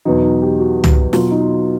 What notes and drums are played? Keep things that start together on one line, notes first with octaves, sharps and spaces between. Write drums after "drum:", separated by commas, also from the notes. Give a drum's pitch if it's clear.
E2 B2 F#3 D#4
D#4
G4
F#4
drum: tom
B2 F#3 F4, drum: snare
D#4